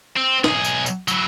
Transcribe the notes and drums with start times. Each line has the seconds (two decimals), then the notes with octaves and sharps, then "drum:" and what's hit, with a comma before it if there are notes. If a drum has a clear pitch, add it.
0.17 C4
0.44 B1 G#4, drum: snare
0.65 drum: tambourine
0.86 drum: tambourine
1.08 F#3 E4, drum: tambourine